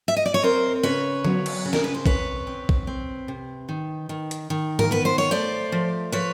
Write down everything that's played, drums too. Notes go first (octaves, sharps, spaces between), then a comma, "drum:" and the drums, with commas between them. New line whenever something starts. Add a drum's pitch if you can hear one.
E5
D#5
D5
C#5
C4 A#4 C5
C#3 B4 C#5
F#3, drum: tom D3
drum: cymbal
C#3
A#4, drum: snare
B4
C5
C3 B4 C#5, drum: kick
C4
drum: kick
C4
C3
D#3
D#3
drum: hi-hat
D#3
A#4, drum: tom
B3 B4
C5
C#5
A3 C5 D5
F3
F3 B4 C#5